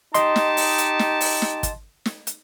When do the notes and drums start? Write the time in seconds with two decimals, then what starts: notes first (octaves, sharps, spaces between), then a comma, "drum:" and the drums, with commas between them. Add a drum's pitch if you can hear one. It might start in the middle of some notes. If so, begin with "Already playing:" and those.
0.14 D#4 G4 D#5 A5 C6, drum: hi-hat
0.36 drum: snare
0.57 drum: open hi-hat
0.78 drum: hi-hat
0.99 drum: snare
1.21 drum: open hi-hat
1.42 drum: snare
1.63 drum: kick, hi-hat
2.06 drum: snare
2.27 drum: hi-hat